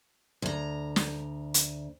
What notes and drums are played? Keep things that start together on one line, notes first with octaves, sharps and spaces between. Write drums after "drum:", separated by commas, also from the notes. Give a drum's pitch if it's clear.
D2 A#5
drum: snare
drum: hi-hat